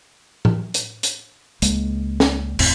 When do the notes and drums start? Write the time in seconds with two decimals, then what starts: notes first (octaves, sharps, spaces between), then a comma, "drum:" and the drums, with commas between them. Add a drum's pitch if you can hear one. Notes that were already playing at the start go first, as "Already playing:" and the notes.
0.45 drum: tom A2
0.74 drum: hi-hat
1.03 drum: hi-hat
1.62 C#2 G#3 A#3, drum: hi-hat
2.20 drum: snare
2.59 G1 E2 A2 C4, drum: cymbal